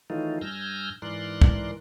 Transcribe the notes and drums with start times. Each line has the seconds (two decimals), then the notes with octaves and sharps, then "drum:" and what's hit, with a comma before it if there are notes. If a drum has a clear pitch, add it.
0.10 D#3 E3 F#3 A3 D#4 F4
0.41 G2 G#5 E6 F6 G6 A#6
1.02 G#2 E3 A#4 D5 C6 F#6
1.42 drum: kick C2